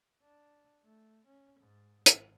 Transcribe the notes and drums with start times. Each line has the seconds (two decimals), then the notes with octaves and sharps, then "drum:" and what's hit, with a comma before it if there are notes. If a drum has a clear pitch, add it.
0.23 D4
0.85 A3
1.27 C#4
1.60 G#2
2.06 G#1, drum: hi-hat